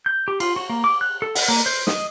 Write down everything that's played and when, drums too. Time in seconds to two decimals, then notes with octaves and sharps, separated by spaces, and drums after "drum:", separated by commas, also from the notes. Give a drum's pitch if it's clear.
0.06 G6
0.28 G4
0.40 F4, drum: cymbal
0.56 F#4
0.70 A#3
0.84 D6
1.01 F#6
1.22 A4
1.35 F#5, drum: open hi-hat
1.48 A#3
1.66 C5
1.87 D#5, drum: snare